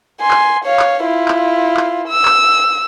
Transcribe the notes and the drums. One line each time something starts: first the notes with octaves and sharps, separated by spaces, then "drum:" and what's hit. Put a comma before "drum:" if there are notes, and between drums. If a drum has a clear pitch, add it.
G#5 C6
drum: clap
C#5 F5
drum: clap
E4 F4
drum: clap
drum: clap
E6
drum: clap